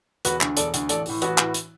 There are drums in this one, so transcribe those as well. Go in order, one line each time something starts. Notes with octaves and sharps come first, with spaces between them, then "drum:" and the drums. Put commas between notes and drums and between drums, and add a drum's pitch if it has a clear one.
E1 F#4 B4, drum: hi-hat
D2 D3, drum: clap
E1 A4 D5, drum: hi-hat
D2 D3, drum: hi-hat
A1 A4 D5, drum: hi-hat
A2 E3, drum: open hi-hat
A1 F#4 B4, drum: hi-hat
A2 E3, drum: clap
drum: hi-hat